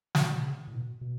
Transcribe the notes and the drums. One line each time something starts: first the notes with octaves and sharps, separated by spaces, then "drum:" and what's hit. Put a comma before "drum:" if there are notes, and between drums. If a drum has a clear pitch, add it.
B2, drum: snare
B2
C#3
A2
B2
B2